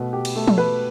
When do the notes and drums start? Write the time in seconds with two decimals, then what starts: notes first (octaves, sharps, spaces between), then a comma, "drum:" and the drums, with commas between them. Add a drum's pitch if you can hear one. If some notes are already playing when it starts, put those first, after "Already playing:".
Already playing: B2 A3 B4
0.13 G4
0.25 drum: cymbal
0.36 A3
0.48 drum: tom
0.58 B4